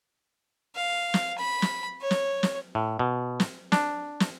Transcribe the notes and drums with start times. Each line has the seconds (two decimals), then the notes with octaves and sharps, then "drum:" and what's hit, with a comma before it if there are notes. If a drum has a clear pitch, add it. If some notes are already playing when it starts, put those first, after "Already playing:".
0.75 F5
1.14 drum: snare
1.38 B5
1.62 drum: snare
2.01 C#5
2.11 drum: snare
2.43 drum: snare
2.75 A2
2.99 B2
3.40 drum: snare
3.72 D4, drum: snare
4.20 drum: snare